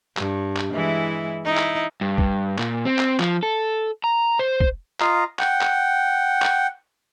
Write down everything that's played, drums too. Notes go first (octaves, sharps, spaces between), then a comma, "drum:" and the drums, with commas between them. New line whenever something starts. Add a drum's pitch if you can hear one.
G2, drum: clap
drum: clap
E3 G#3 E4
D#4 E4
drum: clap
G2
drum: kick
A#2, drum: clap
C4
drum: clap
F3, drum: clap
A4
A#5
C5
drum: kick
F4 D#5 F5 A#5, drum: clap
F#5 G5, drum: clap
drum: clap
drum: clap